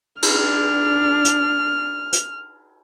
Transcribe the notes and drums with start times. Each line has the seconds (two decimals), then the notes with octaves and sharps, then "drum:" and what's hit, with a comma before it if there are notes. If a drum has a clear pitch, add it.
0.22 D4 F6, drum: cymbal
1.25 drum: hi-hat
2.13 drum: hi-hat